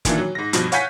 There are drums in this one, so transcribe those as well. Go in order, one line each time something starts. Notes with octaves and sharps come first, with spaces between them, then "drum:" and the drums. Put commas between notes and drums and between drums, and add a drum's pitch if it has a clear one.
A#2 D#3 E3 A#3 D4, drum: kick G1, hi-hat
F#3
G#2 A#6
G2 B2 F3, drum: hi-hat
C#5 F5 F#5 G#5 G6 B6, drum: hi-hat